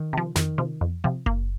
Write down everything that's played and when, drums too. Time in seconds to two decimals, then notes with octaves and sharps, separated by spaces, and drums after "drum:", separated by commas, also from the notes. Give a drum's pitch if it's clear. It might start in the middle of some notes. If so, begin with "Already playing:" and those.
Already playing: D#3
0.13 C3 F3
0.36 F2 D#3, drum: snare
0.58 C3 F3
0.81 F2
1.04 C3 F3
1.26 A#3, drum: kick F#1